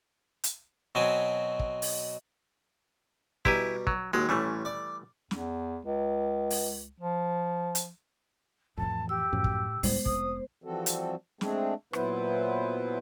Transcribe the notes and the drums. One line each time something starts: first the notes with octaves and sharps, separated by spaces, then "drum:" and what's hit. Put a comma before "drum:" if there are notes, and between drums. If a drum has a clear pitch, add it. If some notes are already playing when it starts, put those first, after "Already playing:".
drum: hi-hat
B2 F#3 C4 G#5
drum: kick
drum: open hi-hat
B2 G3 E4 G4 G#5 A#5, drum: kick
F#3, drum: kick
D#2 F#3 G#3 G5
A1 E3 G3 A3 C#4
D5
E2, drum: snare
C#2
drum: open hi-hat
F3
drum: hi-hat
F2 A2 E3 A5
G4 E6
F#2 A2 F3
drum: kick
C#2 A2 G3 G#3 B3 C5, drum: open hi-hat
F1 D#6, drum: kick
E3 F3 G3 C4 F#4 A4
drum: hi-hat
G#3 A3 C4 D4 G#4, drum: snare
A#2 F#3 B3 E4 B4 C5, drum: rim click